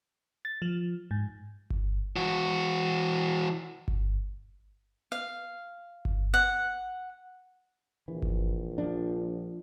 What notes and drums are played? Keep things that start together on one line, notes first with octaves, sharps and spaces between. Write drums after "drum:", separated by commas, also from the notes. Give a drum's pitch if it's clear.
A6
F3
G#2
drum: kick G1
E3 F#4
drum: kick G1
F5
drum: kick G1
F#5
A#1 E3
drum: kick G1
F3 D4